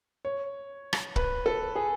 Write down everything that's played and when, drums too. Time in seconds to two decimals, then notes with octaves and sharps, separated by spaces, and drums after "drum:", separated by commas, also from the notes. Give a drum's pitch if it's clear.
0.25 C#5
0.93 drum: rim click
1.16 B4, drum: kick
1.46 A4
1.76 G#4